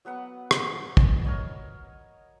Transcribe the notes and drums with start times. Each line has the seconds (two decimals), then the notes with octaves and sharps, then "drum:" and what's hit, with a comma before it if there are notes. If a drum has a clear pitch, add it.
0.05 F#3 B3 B4 F#5
0.51 drum: rim click
0.97 drum: kick
1.25 A#4 C#5 D#5